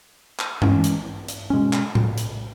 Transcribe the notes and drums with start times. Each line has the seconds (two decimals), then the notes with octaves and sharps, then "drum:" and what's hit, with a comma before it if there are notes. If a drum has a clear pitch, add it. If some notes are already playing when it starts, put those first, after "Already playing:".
0.39 drum: clap
0.62 E3 G#3 C#4, drum: tom G2
0.84 drum: hi-hat
1.28 drum: hi-hat
1.50 B2 G#3 C#4
1.73 drum: clap
1.95 drum: tom A2
2.18 drum: hi-hat